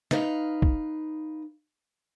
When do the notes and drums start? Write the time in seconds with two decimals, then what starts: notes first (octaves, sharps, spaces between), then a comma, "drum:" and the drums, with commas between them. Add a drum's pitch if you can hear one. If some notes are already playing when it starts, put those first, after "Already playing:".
0.11 D#4 B4 F5, drum: snare
0.62 drum: kick